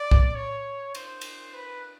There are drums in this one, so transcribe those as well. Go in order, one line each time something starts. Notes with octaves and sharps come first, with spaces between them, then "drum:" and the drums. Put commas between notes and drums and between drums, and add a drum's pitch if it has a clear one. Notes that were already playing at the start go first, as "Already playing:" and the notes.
Already playing: D5
drum: kick
C#5
C5, drum: cymbal
drum: cymbal
B4